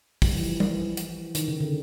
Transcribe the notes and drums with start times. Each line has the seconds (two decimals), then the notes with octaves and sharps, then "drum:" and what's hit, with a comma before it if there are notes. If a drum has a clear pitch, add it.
0.22 G3, drum: kick, open hi-hat
0.35 E3
0.41 F3
0.60 E3, drum: tom G3
0.97 drum: hi-hat
1.35 D#3, drum: hi-hat
1.48 C#3
1.60 D3